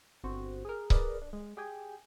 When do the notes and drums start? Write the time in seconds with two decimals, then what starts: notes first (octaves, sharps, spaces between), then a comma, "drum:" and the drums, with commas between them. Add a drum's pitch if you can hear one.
0.24 G1 C4 F#4 C5
0.65 G#4 A#4
0.90 G#4 A#4 B4 D5 D#5, drum: kick C#1
1.22 D4
1.33 G#3
1.57 G4 G#4 G5 G#5